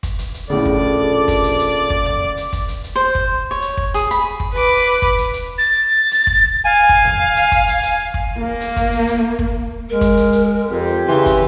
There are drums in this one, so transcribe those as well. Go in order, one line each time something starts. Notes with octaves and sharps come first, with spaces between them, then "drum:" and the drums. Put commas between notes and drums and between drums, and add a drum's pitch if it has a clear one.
drum: kick, hi-hat
drum: hi-hat
drum: hi-hat
A#1 A2 C#3 A4 D5
drum: kick
drum: kick, hi-hat
drum: hi-hat
drum: hi-hat
drum: kick
drum: tom
drum: hi-hat
drum: kick, hi-hat
drum: hi-hat
drum: hi-hat
C5
drum: kick
C#5
drum: hi-hat
drum: kick
G#4, drum: hi-hat
B5, drum: hi-hat
drum: kick
B4 D6
drum: kick
drum: hi-hat
drum: hi-hat
A6
drum: hi-hat
drum: kick
F5 G#5
drum: kick
drum: tom
drum: hi-hat
drum: kick, hi-hat
drum: hi-hat
drum: hi-hat
drum: kick
A#3
drum: hi-hat
drum: kick, hi-hat
drum: hi-hat
drum: hi-hat
drum: kick
G#3 A#4
drum: kick, hi-hat
drum: hi-hat
drum: hi-hat
F2 G4
C#3 E3 C6
drum: kick, hi-hat